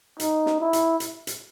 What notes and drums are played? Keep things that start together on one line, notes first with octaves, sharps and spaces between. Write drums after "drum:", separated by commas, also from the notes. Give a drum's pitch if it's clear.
D#4, drum: hi-hat
drum: snare
E4
drum: hi-hat
drum: hi-hat
drum: hi-hat